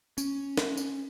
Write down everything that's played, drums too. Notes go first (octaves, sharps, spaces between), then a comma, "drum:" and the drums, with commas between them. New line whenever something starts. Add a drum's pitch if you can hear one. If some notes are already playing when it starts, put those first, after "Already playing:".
C#4, drum: tambourine
drum: snare
drum: tambourine